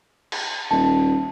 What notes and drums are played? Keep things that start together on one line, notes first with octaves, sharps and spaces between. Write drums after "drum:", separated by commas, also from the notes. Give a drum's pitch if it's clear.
drum: cymbal
D#1 A5